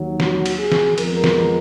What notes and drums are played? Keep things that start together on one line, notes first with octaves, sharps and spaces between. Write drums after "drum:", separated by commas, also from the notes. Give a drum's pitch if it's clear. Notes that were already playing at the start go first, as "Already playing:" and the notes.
Already playing: D#2 D#3 F#3
F#4, drum: snare
drum: cymbal
G#4
drum: snare
F2 F3 G#3 B3 A#4, drum: cymbal
drum: snare